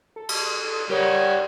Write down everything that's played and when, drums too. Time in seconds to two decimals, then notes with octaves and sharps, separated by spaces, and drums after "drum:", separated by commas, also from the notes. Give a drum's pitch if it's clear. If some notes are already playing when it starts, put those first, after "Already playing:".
0.16 A4
0.29 drum: cymbal
0.90 G3 G4 A#4 C#5 F#5